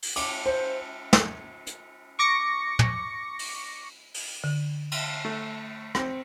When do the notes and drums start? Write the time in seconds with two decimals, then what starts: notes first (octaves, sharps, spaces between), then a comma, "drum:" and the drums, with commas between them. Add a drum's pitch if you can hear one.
0.03 drum: open hi-hat
0.16 D6, drum: cymbal
0.46 C5
1.13 drum: snare
1.67 drum: hi-hat
2.19 C#6 D6 A#6 C#7
2.79 drum: tom
3.39 drum: open hi-hat
4.14 drum: open hi-hat
4.44 D3
4.92 drum: cymbal
5.25 A3
5.95 C4, drum: rim click